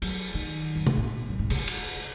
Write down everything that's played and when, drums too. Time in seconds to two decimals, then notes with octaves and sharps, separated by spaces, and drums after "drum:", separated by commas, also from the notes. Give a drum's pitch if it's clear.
0.02 F#3, drum: cymbal
0.35 D#3
0.75 F#2
0.87 G#2, drum: tom C3
0.97 A#2
1.29 F#2
1.39 G#2
1.50 C#3, drum: cymbal
1.68 drum: cymbal